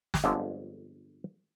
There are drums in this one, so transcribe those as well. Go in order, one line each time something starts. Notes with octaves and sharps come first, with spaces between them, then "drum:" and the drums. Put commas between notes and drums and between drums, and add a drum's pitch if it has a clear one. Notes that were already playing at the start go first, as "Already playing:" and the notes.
drum: snare
G1 F2 D3 G#3 E5